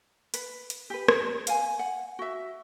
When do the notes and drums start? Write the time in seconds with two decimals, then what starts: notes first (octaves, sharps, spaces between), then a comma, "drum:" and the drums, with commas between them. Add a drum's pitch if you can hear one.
0.34 B4, drum: hi-hat
0.70 drum: hi-hat
0.90 G4 B4
1.08 drum: rim click
1.47 F5 G#5, drum: hi-hat
1.79 F#5
2.19 F#4 E5